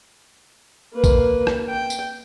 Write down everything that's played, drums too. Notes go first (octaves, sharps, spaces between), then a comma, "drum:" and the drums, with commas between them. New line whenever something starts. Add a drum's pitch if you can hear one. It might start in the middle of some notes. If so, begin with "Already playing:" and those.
A#3 B4
drum: kick, tambourine
drum: rim click
G5
drum: tambourine